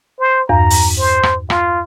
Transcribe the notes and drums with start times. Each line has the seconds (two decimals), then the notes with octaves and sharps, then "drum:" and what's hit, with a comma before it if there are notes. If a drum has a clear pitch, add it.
0.20 C5
0.49 E2 G2 A#5
0.70 drum: open hi-hat
0.99 C5
1.23 drum: rim click
1.50 F4, drum: rim click